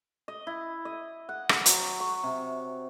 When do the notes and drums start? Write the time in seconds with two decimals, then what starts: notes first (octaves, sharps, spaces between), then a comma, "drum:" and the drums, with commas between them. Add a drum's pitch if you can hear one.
0.28 D#5
0.47 E4
0.85 D#5
1.29 F#5
1.49 drum: rim click
1.66 F#3, drum: hi-hat
2.00 C#6
2.23 C3